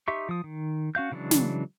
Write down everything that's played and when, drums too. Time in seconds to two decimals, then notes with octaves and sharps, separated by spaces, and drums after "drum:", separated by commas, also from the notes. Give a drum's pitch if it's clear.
0.08 D#4 G4 E5 C6 C#6
0.29 F3 D#6
0.44 D#3
0.95 C#4 F#4 F5 G6
1.12 C#3 E3 F#3 G#3 D4
1.31 drum: snare